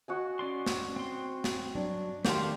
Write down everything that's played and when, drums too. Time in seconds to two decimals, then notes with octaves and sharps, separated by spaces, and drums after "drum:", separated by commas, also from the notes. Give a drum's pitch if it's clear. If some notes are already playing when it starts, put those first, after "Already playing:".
0.08 F#4 D#5 G#5
0.39 C#4 D5 C6
0.66 drum: snare
0.96 C4 C6
1.44 drum: snare
1.75 G2 F#3 D4
2.25 D#3 A3 G4 A4 D5 F5 C6, drum: snare